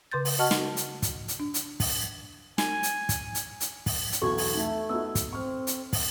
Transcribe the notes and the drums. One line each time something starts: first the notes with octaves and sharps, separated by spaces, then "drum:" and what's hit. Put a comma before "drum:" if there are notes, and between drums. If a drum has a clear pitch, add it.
C#3 B4 C6 G6 A6
drum: open hi-hat
F#4 D#5 F#5 A5 C#6 F6
drum: snare
drum: hi-hat
drum: kick, hi-hat
drum: hi-hat
D4
drum: hi-hat
drum: kick, open hi-hat
G#5, drum: snare
drum: hi-hat
drum: kick, hi-hat
drum: hi-hat
drum: hi-hat
drum: kick, open hi-hat
drum: hi-hat
B1 E2 F#4 A4 C#6 G#6
drum: open hi-hat
A3 D#4
B3 D#4 F#4 E6
drum: kick, hi-hat
C4 C#6 F6
drum: hi-hat
drum: kick, open hi-hat